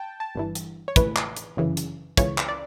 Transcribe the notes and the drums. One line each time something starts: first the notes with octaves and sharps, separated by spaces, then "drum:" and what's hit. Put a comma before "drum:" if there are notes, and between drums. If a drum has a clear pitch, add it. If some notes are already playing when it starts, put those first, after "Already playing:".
Already playing: G5 A5
A5
G1 G2 E3
drum: hi-hat
C#5
A1 A2 E3 B4, drum: kick, hi-hat
drum: clap
drum: hi-hat
G1 F#2 C#3 E3
drum: hi-hat
C#2 C#3 E3 C#5, drum: kick, hi-hat
drum: clap
D5